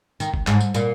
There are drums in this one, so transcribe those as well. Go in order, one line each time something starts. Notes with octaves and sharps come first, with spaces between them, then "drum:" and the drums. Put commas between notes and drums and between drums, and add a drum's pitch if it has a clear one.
D#3, drum: tambourine
drum: kick G1
G#2, drum: clap
drum: tambourine
A#2, drum: tambourine